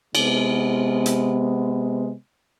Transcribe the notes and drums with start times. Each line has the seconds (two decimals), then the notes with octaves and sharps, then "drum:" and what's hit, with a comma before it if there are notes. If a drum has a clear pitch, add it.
0.15 C3 G#3 B3, drum: cymbal
1.06 drum: hi-hat